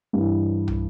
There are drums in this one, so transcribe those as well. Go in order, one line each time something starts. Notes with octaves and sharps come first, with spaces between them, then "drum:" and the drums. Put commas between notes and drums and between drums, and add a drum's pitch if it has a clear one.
G2 E3
drum: tom